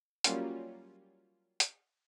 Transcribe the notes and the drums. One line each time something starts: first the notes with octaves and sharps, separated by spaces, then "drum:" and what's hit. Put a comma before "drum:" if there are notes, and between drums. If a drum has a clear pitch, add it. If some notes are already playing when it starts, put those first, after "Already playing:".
F#3 G3 A#3 C#4 F4, drum: hi-hat
drum: hi-hat